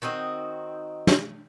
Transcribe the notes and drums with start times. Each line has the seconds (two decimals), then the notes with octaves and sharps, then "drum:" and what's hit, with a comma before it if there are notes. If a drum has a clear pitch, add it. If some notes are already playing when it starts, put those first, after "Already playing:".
0.02 D#3 C4 F#4 D#5
1.07 drum: snare